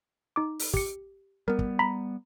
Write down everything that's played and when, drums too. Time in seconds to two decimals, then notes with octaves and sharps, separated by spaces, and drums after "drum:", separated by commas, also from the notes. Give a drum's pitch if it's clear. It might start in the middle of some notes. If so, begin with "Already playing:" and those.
0.36 D#4 D6
0.59 drum: open hi-hat
0.74 G4 C#7, drum: kick
1.48 G3 B3 A#4
1.59 drum: kick
1.79 A#5 B5 B6